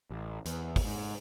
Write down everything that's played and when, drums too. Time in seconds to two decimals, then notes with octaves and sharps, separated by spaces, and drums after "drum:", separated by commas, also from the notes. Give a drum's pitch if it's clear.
0.10 A1
0.45 E2, drum: hi-hat
0.76 drum: kick, open hi-hat
0.85 G#2